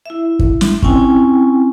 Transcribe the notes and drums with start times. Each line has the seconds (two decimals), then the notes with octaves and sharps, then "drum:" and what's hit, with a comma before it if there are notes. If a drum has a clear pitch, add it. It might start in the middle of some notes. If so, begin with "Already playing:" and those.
0.06 E4 E5
0.39 drum: kick
0.61 drum: snare
0.82 C4 C#4 E4 G5 G#5, drum: kick